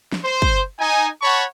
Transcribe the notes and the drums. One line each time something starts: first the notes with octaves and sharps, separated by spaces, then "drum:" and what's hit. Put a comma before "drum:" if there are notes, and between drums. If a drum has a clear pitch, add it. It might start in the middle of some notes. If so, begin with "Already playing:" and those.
drum: snare
C5
drum: kick
D#4 G#5
C#5 F#5 A5 B5 C#6